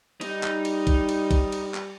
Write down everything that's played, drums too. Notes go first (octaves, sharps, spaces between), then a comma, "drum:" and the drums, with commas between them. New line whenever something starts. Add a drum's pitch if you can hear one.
G3 D#4, drum: cymbal
drum: clap
drum: cymbal
drum: kick, cymbal
drum: cymbal
drum: kick, cymbal
drum: cymbal
drum: clap